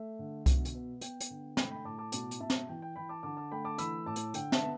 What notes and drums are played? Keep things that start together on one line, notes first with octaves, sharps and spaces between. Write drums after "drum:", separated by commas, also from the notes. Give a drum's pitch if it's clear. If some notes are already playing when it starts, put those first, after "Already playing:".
Already playing: A3 E5
D3
B2, drum: kick C2, hi-hat
drum: hi-hat
B3
B3 G5, drum: hi-hat
drum: hi-hat
D3
A3 G5 B5, drum: snare
G5 B5
A2 A5 D6
A5 D6
B2 A5 D6, drum: hi-hat
drum: hi-hat
B2 E5 A5
drum: snare
E3 G5
G5
E3 G5 B5
A5 D6
D3 A5 D6
A5 D6
A3 G5 B5
A5 D6
E3 B5 E6, drum: hi-hat
A2 A5 D6
drum: hi-hat
D3 G5, drum: hi-hat
E5 A5, drum: snare
B3